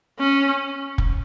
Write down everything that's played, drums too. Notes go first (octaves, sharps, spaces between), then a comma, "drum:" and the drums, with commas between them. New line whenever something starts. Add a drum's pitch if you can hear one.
C#4
drum: kick